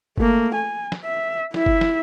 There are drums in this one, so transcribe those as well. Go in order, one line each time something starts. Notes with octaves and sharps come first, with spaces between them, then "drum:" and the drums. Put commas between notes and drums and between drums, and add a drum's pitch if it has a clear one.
A3 A#3, drum: kick F#1
G#5
drum: snare
E5
E4 E5, drum: snare
drum: kick F#1
drum: snare